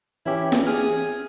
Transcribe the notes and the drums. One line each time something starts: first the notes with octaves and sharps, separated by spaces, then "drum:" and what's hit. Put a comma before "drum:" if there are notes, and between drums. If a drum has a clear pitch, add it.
E3 C#4 E4 G4
drum: snare
G#4 F6